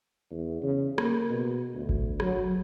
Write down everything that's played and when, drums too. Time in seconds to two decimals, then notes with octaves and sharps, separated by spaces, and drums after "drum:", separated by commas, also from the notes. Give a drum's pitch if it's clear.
0.31 E2
0.62 C#3
0.98 A#3, drum: rim click
1.30 B2
1.74 D2
1.89 drum: kick G1
2.20 F#3, drum: rim click